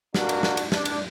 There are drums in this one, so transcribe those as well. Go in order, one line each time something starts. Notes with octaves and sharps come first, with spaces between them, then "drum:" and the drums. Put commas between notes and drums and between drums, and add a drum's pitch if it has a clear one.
B2 A#3 D4 F#4, drum: snare
drum: cymbal
drum: snare
drum: cymbal
D4, drum: snare
drum: cymbal